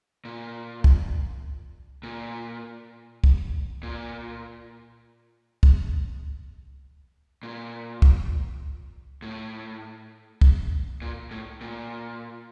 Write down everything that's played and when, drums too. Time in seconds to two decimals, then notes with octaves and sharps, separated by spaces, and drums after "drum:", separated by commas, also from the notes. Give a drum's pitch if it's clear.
0.25 A#2
0.84 drum: kick
2.03 A#2
3.24 drum: kick
3.83 A#2
5.63 drum: kick
7.43 A#2
8.02 drum: kick
9.22 A2
10.41 drum: kick
11.02 A#2
11.31 A2
11.61 A#2